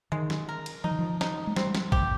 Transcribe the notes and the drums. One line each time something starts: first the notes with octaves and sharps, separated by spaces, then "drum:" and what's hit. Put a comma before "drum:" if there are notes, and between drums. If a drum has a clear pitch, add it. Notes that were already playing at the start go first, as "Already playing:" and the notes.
D#3 G#3
drum: snare
A#4
drum: cymbal
F3 D#4
D#3
F3
D#4, drum: snare
G#3
G3 C4, drum: snare
drum: snare
G4, drum: kick